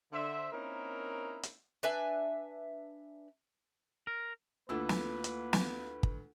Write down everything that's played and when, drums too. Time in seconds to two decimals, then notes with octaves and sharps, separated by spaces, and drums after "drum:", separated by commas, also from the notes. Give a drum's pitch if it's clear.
0.13 D3 C5 E5
0.53 A#3 C4 C#4 D#4 E4 A#4
1.43 drum: hi-hat
1.83 D4 B4 E5 G#5
4.07 A#4
4.69 D2 A#3 E4 F4 A4 B4 E6
4.89 drum: snare
5.24 drum: hi-hat
5.53 drum: snare
6.03 drum: kick